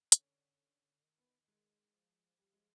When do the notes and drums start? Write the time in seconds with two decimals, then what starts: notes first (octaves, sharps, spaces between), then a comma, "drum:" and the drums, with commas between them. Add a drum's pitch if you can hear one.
0.12 D3 C#4, drum: hi-hat
1.03 D#3
1.18 B3
1.48 G#3
1.93 F3
2.39 G3
2.53 G#3